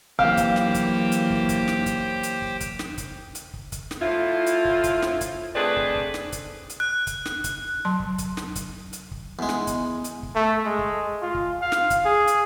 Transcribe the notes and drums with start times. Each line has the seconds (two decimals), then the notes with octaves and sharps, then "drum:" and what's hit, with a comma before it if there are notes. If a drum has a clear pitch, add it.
0.19 E3 F#3 A#3 G4 C5 F5 G5, drum: kick
0.37 drum: kick, hi-hat
0.56 drum: snare
0.75 drum: kick, hi-hat
1.12 drum: hi-hat
1.30 drum: kick
1.49 drum: kick, hi-hat
1.68 drum: snare
1.86 drum: kick, hi-hat
2.23 drum: hi-hat
2.42 drum: kick
2.61 drum: kick, hi-hat
2.79 drum: snare
2.98 drum: kick, hi-hat
3.35 drum: hi-hat
3.54 drum: kick
3.72 drum: kick, hi-hat
3.91 drum: snare
4.01 A2 F3 E4 F4
4.47 drum: hi-hat
4.65 drum: kick
4.84 drum: kick, hi-hat
5.02 drum: snare
5.21 drum: kick, hi-hat
5.55 A3 C4 D4 G#4 B4 D5
5.77 drum: kick
5.95 drum: kick
6.14 drum: snare
6.32 drum: kick, hi-hat
6.70 drum: hi-hat
6.80 F#6
7.07 drum: kick, hi-hat
7.25 drum: snare
7.44 drum: kick, hi-hat
7.85 F#3 A5 C6
8.00 drum: kick
8.18 drum: kick, hi-hat
8.37 drum: snare
8.56 drum: kick, hi-hat
8.93 drum: hi-hat
9.11 drum: kick
9.39 E2 G#3
9.49 drum: snare
9.67 drum: kick, hi-hat
10.04 drum: hi-hat
10.23 drum: kick
10.35 A3
10.65 G#3
10.79 drum: kick
11.22 F4
11.35 drum: kick
11.62 F5
11.72 drum: snare
11.90 drum: kick, hi-hat
12.05 G#4
12.28 drum: hi-hat